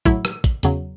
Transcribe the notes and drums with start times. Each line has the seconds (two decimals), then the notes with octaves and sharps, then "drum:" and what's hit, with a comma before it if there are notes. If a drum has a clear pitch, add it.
0.05 A2 F#3 E4, drum: kick, hi-hat
0.25 drum: rim click
0.44 drum: kick, hi-hat
0.63 E2 C#3 F#3, drum: hi-hat